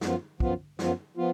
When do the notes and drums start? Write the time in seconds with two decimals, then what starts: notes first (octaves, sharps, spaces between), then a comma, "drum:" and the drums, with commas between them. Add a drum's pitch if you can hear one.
0.01 F#2 F3 B3 F4, drum: snare
0.40 F#2 F3 B3 F4, drum: kick
0.79 F#2 F3 B3 F4, drum: snare
1.17 F3 B3 F4